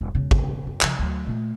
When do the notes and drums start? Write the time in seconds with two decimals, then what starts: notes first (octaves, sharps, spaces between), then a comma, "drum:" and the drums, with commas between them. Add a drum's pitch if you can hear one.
0.01 D#1
0.15 E1 C#3
0.31 drum: kick
0.67 F#2
0.81 C#3 F3, drum: clap
0.99 D2 F#3
1.27 A#2 A3